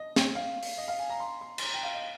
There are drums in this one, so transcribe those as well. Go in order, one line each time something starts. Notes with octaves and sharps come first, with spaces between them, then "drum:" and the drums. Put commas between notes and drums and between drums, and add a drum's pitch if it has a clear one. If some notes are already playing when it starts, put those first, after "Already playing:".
Already playing: D#5
drum: snare
F5
drum: open hi-hat
D#5
F5
G#5
A#5
C6
C6
C6, drum: cymbal
A#5
G5
F5
D#5